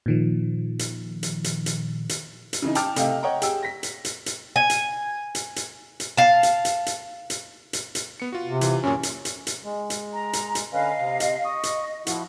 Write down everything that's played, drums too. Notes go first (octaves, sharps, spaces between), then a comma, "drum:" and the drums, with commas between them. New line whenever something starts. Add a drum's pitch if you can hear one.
A#2 D#3 F3
drum: hi-hat
drum: hi-hat
drum: hi-hat
drum: hi-hat
drum: hi-hat
drum: hi-hat
C#3 E3 D#4
G5 A5 D6 F6, drum: hi-hat
C3 A3 D#5 F5 G5, drum: hi-hat
C#5 D#5 F#5 G5 A#5
G4 G#4 G5 E6, drum: hi-hat
A#6 B6
drum: hi-hat
drum: hi-hat
drum: hi-hat
G#5
drum: hi-hat
drum: hi-hat
drum: hi-hat
drum: hi-hat
F5 A5
drum: hi-hat
drum: hi-hat
drum: hi-hat
drum: hi-hat
drum: hi-hat
drum: hi-hat
B3 C#7
F4 F#4
C3
E3 F4, drum: hi-hat
F#2 A#2 C#4
drum: hi-hat
drum: hi-hat
drum: hi-hat
G#3
drum: hi-hat
A#5
drum: hi-hat
drum: hi-hat
D3 C#4 B4 D#5 F5
C3
drum: hi-hat
D#5 C#6 D#6
drum: hi-hat
F3 E4 F#4, drum: hi-hat